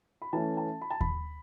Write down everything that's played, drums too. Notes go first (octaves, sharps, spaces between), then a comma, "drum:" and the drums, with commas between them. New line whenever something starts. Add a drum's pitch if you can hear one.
B5
E3 A3 C#4 A5
A5
B5
A5
B5, drum: kick D#2